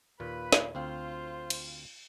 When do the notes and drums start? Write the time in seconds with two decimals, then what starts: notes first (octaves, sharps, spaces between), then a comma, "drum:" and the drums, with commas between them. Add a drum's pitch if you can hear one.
0.20 D#2 A#2 F4 B4 B5
0.52 drum: snare
0.75 D2 C4 F4 C5 F5
1.50 drum: cymbal